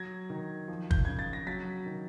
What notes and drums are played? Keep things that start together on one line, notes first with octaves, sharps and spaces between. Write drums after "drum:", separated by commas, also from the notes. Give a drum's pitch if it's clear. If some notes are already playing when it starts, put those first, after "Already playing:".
Already playing: F#3 G#6 A#6
D#3
F3
G6, drum: kick
C#3 G#6
A6
A#6
F#3 A6 B6
D#3